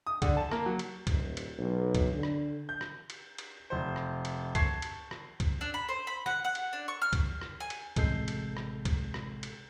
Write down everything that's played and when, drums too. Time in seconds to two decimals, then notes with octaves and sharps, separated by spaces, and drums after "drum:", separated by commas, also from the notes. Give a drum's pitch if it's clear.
0.06 D#6
0.22 D3, drum: kick C2, cymbal
0.37 A5
0.52 A#3, drum: rim click
0.66 F#3
0.79 drum: cymbal
1.07 D#1, drum: kick C2, cymbal
1.37 drum: cymbal
1.58 B1
1.95 drum: kick C2, cymbal
2.13 D3
2.23 drum: rim click
2.69 G6
2.81 drum: rim click
3.10 drum: cymbal
3.38 drum: cymbal
3.70 F1 C5
3.96 drum: rim click
4.25 drum: cymbal
4.55 A5 C#6 G#6 C7, drum: kick C2, cymbal
4.82 drum: cymbal
5.11 drum: rim click
5.40 drum: kick C2, cymbal
5.61 D4
5.74 B5
5.89 C5
6.07 B5
6.26 F#5, drum: rim click
6.45 F#5
6.55 drum: cymbal
6.73 D4
6.88 C#6
7.02 F6
7.13 drum: kick C2, cymbal
7.41 drum: rim click
7.60 G#5
7.70 drum: cymbal
7.96 A1 C3 G#3 A4 G6 C7, drum: kick C2, cymbal
8.28 drum: cymbal
8.57 drum: rim click
8.85 drum: kick C2, cymbal
9.14 drum: rim click
9.43 drum: cymbal